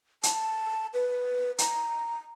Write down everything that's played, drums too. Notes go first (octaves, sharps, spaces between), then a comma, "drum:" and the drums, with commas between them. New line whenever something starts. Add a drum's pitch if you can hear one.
A5, drum: hi-hat
B4
A#5, drum: hi-hat